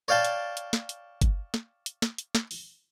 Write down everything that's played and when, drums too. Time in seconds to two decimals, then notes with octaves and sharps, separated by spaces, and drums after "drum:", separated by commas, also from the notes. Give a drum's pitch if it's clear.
0.08 C#5 D5 F5 G5 A5
0.25 drum: hi-hat
0.57 drum: hi-hat
0.73 drum: snare
0.89 drum: hi-hat
1.21 drum: kick G1, hi-hat
1.54 drum: snare
1.86 drum: hi-hat
2.02 drum: snare
2.18 drum: hi-hat
2.35 drum: snare
2.51 drum: open hi-hat